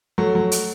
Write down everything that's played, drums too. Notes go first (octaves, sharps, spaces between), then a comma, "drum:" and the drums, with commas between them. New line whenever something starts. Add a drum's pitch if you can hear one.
F#3 A3
F#3
drum: hi-hat